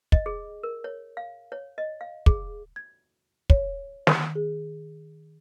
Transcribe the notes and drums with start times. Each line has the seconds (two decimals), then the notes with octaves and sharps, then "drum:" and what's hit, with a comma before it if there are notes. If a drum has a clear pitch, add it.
0.12 D#5, drum: kick
0.26 G#4
0.63 A#4
0.84 C#5
1.17 F5
1.52 C#5
1.78 D#5
2.01 F5
2.26 G#4, drum: kick
2.76 G#6
3.50 C#5, drum: kick
4.07 D#3, drum: snare
4.35 G#4